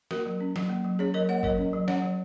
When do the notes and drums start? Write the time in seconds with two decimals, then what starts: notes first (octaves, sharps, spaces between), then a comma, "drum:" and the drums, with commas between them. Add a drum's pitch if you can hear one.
0.11 A#3 F#4 A#4, drum: snare
0.26 F#3
0.41 C#4
0.56 F#3, drum: snare
0.70 A#3
0.84 F#3
0.99 C#4 G#4 C#5
1.14 F#3 A#4 D#5
1.29 A#3 C#5 F#5
1.43 F#3 A#4 D#5, drum: kick
1.58 C#4
1.73 F#3
1.88 C#4 C#5 F#5, drum: snare
2.02 F#3